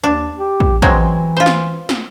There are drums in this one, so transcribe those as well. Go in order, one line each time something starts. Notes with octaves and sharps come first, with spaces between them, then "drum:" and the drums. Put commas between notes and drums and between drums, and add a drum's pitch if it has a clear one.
D#2 D4
G4
drum: kick
E3 F#3 G#3 C4, drum: kick
F4 C5
drum: snare
drum: snare